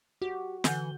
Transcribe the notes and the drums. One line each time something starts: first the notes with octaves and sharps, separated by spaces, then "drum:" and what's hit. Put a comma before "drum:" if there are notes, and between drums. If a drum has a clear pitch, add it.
F#4 G4
D3 E3 F#5 G#5 G6 G7, drum: snare